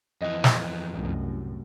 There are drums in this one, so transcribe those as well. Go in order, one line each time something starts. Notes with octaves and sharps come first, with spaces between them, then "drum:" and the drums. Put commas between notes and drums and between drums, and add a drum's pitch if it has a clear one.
F2 E3 D#5
drum: snare
C2 F#2 A2